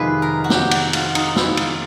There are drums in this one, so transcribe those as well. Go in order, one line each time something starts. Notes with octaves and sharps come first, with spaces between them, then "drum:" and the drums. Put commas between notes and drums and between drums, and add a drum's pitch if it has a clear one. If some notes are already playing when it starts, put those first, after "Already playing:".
Already playing: F2 C3 D#3 G#3 B4
A#4
F#4
G4, drum: snare
F#4, drum: cymbal
F4, drum: cymbal
D#4, drum: cymbal
E4, drum: snare
F4, drum: cymbal